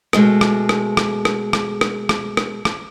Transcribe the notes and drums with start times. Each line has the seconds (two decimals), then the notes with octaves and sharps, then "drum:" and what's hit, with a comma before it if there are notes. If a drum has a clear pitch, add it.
0.13 B2 G#3 A3, drum: rim click
0.41 drum: rim click
0.69 drum: rim click
0.97 drum: rim click
1.25 drum: rim click
1.53 drum: rim click
1.81 drum: rim click
2.09 drum: rim click
2.37 drum: rim click
2.65 drum: rim click